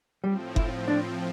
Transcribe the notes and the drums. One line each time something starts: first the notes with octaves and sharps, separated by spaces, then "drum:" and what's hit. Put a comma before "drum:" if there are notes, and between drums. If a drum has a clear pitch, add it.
A2 F3 G3 C4
E4, drum: kick F#1
D4